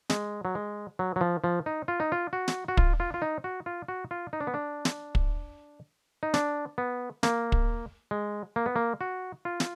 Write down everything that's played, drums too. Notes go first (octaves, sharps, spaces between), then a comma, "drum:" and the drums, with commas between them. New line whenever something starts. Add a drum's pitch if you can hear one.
G#3, drum: snare
F#3
G#3
F#3
F#3
F3
F3
D#4
F4
D#4
F4
F#4
drum: snare
F#4
F4, drum: kick
F4
F4
D#4
F#4
F4
F#4
F4
D#4
D4
B3
D4
drum: snare
drum: kick
D#4
D4, drum: snare
B3
A#3, drum: snare
drum: kick
G#3
A#3
B3
A#3
F#4
F4
drum: snare